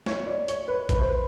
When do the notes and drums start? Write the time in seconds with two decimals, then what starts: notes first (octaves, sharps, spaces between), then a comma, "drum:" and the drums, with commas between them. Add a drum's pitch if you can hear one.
0.06 C#5, drum: snare
0.27 D5
0.48 C#5, drum: hi-hat
0.68 B4
0.89 B4, drum: kick A1, hi-hat
0.99 C5
1.09 B4